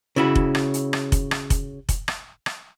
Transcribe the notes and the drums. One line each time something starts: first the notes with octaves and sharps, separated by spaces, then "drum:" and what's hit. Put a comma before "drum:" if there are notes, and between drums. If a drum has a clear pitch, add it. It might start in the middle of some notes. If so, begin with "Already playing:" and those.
C#3 E4 F#4
drum: kick F1
drum: rim click
drum: hi-hat
drum: rim click
drum: kick F1, hi-hat
drum: rim click
drum: kick F1, hi-hat
drum: kick F1, hi-hat
drum: rim click
drum: rim click